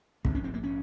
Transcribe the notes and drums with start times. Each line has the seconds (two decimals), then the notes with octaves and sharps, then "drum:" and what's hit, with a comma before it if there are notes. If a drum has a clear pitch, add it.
0.25 A#1 G#2 C4, drum: kick
0.35 C#4
0.44 C4
0.54 A#3
0.63 C#4